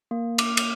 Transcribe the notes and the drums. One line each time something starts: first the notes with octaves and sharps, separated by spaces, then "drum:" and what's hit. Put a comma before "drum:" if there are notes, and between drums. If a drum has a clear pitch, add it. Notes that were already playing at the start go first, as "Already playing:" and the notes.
A#3
A#3 D6, drum: cymbal
drum: cymbal